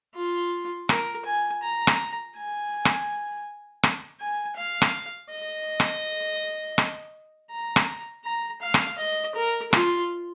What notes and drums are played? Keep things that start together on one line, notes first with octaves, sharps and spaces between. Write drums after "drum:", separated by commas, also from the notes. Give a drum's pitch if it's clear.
F4
A#4, drum: rim click
G#5
A#5
drum: rim click
G#5
drum: rim click
drum: rim click
G#5
F5
drum: rim click
D#5
drum: rim click
drum: rim click
A#5
drum: rim click
A#5
F5
drum: rim click
D#5
A#4
F4, drum: rim click